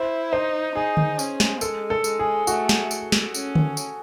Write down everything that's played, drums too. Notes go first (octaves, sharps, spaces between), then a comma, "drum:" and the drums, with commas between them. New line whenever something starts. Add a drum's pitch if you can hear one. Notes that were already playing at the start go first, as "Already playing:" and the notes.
Already playing: E4 C5
D#4 C5
D#4 G#4
drum: tom D3
C#4, drum: tambourine
drum: snare
G#3 A4, drum: tambourine
A4
G#3, drum: tambourine
G#4
A3 F#4, drum: tambourine
drum: snare
drum: tambourine
drum: snare
C#4, drum: tambourine
drum: tom D3
drum: tambourine